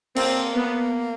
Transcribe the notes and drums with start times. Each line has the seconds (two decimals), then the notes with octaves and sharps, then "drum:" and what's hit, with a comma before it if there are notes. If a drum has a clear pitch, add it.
0.16 A#3 C4, drum: cymbal
0.55 B3